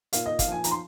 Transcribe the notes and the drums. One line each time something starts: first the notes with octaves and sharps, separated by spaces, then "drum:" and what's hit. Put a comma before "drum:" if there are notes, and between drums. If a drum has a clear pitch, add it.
A#2 F5, drum: hi-hat
A#2 D#5
F5, drum: kick, hi-hat
F3 G#5
F3 A#5, drum: hi-hat
C6